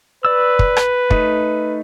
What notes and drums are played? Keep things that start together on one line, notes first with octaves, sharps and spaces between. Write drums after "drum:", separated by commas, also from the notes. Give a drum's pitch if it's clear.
B4 D5 E6
drum: kick
drum: rim click
A3 D#4, drum: kick